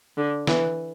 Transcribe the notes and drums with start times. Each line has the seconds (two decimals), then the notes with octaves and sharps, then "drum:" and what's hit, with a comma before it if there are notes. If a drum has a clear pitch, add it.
0.17 D3
0.47 E3, drum: snare